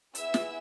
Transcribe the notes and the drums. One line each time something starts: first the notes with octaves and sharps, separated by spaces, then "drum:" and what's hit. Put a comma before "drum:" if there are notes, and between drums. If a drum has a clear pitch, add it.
B3 E4 G#4 E5 E6, drum: hi-hat
drum: snare